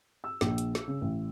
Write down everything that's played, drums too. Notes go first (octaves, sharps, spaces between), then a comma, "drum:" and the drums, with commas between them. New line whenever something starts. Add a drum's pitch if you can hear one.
E6
A#1, drum: snare
drum: hi-hat
drum: snare
C#3
A1